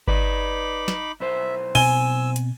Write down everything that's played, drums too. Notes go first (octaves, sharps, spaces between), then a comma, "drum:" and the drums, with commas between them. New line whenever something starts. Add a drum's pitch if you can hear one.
D#4 B4 D5 B5 D6, drum: kick G1
drum: snare
B1 E4 C5 E5
B2 C4 G#5 E6 D#7 G7, drum: cymbal
drum: hi-hat